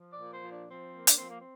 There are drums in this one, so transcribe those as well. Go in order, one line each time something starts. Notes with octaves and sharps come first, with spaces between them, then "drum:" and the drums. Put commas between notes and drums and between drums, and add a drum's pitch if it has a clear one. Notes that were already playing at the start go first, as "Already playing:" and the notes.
Already playing: F3
D5
A#2
C5
F3
D4
F3 C4
A#3
D4, drum: hi-hat
F3 C4
A#3
C4